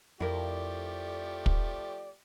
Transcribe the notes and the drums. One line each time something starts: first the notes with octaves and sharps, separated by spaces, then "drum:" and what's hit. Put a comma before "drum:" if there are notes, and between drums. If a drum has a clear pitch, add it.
F2 F3 A3 E4 G4 A#4 D5
drum: kick